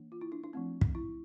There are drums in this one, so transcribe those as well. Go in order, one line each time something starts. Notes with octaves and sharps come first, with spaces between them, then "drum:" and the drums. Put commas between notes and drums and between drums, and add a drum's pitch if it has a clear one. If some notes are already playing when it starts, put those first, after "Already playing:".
Already playing: E3 A#3 D4
F4
E4
D4
D4
F3 A3 C4
drum: kick
E4